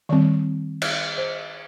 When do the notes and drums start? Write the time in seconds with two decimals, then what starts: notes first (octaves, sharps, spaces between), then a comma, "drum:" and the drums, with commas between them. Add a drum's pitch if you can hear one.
0.09 D#3 G3 C4 D5
0.82 drum: cymbal
1.18 C5